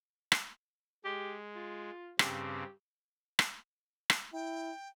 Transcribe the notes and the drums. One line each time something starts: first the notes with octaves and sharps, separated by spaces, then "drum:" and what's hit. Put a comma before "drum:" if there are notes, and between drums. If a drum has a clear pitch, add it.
drum: rim click
G#3 G4
F4
G2 C#3 C4 G4, drum: rim click
drum: rim click
drum: rim click
E4 G5